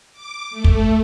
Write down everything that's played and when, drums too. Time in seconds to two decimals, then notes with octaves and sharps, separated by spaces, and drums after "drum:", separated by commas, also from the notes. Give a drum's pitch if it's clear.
0.13 D6
0.51 A3
0.64 drum: kick